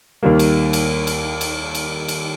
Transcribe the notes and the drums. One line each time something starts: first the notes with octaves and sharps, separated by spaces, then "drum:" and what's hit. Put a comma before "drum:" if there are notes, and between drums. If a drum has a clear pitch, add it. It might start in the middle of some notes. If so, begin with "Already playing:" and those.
D#2 D#3 G3 A#3
drum: cymbal
drum: cymbal
drum: cymbal
drum: cymbal
drum: cymbal
drum: cymbal